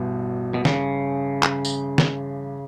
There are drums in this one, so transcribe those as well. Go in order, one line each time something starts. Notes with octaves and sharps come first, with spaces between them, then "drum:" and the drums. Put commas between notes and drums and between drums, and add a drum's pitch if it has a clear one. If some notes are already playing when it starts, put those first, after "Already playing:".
Already playing: A1 G2 B2
B2
C#3, drum: snare
drum: clap
drum: tambourine
drum: snare